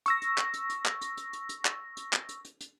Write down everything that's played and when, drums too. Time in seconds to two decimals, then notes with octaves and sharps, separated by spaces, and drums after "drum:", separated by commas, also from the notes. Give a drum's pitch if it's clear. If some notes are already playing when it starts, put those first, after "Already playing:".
0.06 C#6 E6 A#6, drum: hi-hat
0.22 drum: hi-hat
0.38 drum: clap
0.54 drum: hi-hat
0.70 drum: hi-hat
0.85 drum: clap
1.01 drum: hi-hat
1.17 drum: hi-hat
1.33 drum: hi-hat
1.49 drum: hi-hat
1.65 drum: clap
1.97 drum: hi-hat
2.13 drum: clap
2.29 drum: hi-hat
2.45 drum: hi-hat
2.61 drum: hi-hat